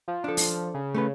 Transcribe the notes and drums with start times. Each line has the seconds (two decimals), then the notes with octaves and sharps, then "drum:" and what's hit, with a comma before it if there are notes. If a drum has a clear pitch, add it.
0.08 F3
0.24 D4 A4
0.37 drum: open hi-hat
0.74 C#3
0.95 A3 C#4 B4